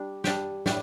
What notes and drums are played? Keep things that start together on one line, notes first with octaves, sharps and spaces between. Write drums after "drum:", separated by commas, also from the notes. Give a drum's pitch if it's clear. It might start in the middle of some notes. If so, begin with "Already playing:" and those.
Already playing: G3 D4
G3 D4 G4, drum: snare
A2 G3 D4, drum: snare